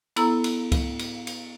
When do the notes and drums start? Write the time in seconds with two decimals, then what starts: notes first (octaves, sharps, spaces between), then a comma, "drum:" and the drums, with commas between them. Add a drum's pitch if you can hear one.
0.16 B3 E4 A4 A#5 E6, drum: cymbal
0.44 drum: cymbal
0.72 drum: kick C#2, cymbal
0.99 drum: cymbal
1.27 drum: cymbal